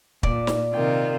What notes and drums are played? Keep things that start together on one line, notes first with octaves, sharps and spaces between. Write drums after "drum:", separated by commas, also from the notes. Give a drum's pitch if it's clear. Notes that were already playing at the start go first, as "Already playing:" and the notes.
A#2 D5, drum: kick
drum: snare
C3 D#3 F4 G5